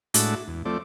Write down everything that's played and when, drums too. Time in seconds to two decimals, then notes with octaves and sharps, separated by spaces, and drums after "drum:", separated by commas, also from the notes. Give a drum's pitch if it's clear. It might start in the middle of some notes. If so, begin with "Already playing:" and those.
0.14 A2 G#3 D4 F#4 E5 A5, drum: hi-hat
0.48 E2
0.65 F3 A3 C4 D5